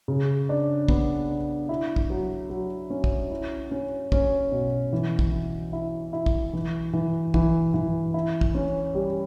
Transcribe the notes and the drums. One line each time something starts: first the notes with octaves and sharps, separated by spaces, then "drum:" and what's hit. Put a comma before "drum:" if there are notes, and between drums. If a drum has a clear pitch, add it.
C#3
D4
B3, drum: kick
D4
E4
drum: kick
F#3
F#3
C#4
drum: kick
E4
C#4
C#4, drum: kick
B2
E3
drum: kick
E4
E4
E4
drum: kick
E3
E3
E3, drum: kick
E3
E4
drum: kick
C#4
G3